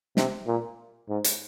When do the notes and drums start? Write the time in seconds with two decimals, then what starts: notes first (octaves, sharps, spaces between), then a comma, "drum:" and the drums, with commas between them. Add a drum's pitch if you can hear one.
0.17 C3, drum: snare
0.47 A#2
1.09 G#2
1.24 drum: hi-hat